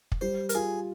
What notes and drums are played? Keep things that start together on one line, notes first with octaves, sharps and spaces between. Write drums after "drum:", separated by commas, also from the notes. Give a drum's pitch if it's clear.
drum: kick
G3 C5
A#4, drum: hi-hat
F4 G#4